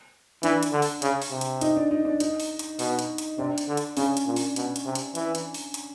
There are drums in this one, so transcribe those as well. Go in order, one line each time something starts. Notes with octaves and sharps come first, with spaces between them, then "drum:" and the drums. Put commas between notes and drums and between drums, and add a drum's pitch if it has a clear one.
E3 D4, drum: hi-hat
drum: hi-hat
D3
drum: open hi-hat
C#3, drum: hi-hat
drum: open hi-hat
C3
drum: hi-hat
D#4, drum: hi-hat
D4
D#4
D4
D#4, drum: hi-hat
drum: open hi-hat
drum: hi-hat
B2, drum: open hi-hat
drum: hi-hat
drum: hi-hat
C3 D4
drum: hi-hat
D3
drum: hi-hat
C#3 C#4, drum: open hi-hat
drum: hi-hat
A#2
drum: open hi-hat
B2, drum: hi-hat
drum: hi-hat
C3
drum: hi-hat
E3, drum: hi-hat
drum: hi-hat
drum: open hi-hat
drum: hi-hat